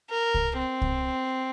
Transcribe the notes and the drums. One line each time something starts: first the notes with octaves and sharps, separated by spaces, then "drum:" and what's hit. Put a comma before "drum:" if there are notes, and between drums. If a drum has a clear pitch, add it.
A#4
drum: kick C2
C4
drum: kick C2